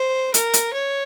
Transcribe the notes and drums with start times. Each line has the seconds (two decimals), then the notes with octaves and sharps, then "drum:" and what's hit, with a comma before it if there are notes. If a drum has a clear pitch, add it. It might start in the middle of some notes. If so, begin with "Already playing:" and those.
Already playing: C5
0.34 A#4, drum: hi-hat
0.53 drum: hi-hat
0.73 C#5